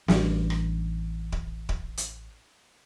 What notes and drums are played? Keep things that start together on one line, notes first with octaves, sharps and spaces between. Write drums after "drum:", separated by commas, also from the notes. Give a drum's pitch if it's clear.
A1 G3 D4, drum: snare
drum: rim click
drum: kick D1
drum: kick D1
drum: hi-hat